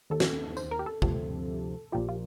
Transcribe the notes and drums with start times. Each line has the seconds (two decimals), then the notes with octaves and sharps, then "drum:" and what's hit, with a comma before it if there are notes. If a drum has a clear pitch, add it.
0.10 D#2 D#3 A4
0.20 drum: snare
0.57 C5, drum: tambourine
0.71 A#4
0.79 G4
0.86 A4
1.02 D2 C3 F3, drum: kick
1.92 A#1 A#2 F3 G4
2.09 F4